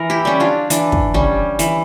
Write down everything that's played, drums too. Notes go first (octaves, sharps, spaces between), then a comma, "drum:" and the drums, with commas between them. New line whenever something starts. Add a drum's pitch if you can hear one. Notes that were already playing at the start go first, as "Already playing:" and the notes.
Already playing: E3 A#4
E4 G4
G3 C#4
D4 F4
E3 D4, drum: hi-hat
drum: kick
G3 C#4, drum: tom
E3, drum: hi-hat